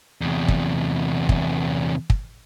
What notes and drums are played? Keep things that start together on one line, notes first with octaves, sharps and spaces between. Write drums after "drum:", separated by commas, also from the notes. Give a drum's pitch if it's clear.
E2 C3
drum: kick
drum: kick
drum: kick